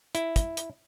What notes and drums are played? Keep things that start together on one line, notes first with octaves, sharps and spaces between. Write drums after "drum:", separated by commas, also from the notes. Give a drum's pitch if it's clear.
E4, drum: hi-hat
drum: kick, hi-hat
drum: hi-hat